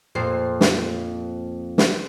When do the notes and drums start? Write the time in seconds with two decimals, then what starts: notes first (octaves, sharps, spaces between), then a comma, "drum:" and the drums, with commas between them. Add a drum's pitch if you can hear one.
0.15 F2 A#2 C5
0.61 drum: snare
1.78 drum: snare